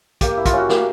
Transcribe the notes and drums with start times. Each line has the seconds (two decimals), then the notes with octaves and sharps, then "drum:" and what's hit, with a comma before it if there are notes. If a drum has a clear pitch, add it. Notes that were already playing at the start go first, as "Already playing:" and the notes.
0.21 A#3 G4, drum: kick, hi-hat
0.37 E4
0.45 F4, drum: kick, hi-hat
0.53 C#4 F#4
0.69 A#3 G4, drum: snare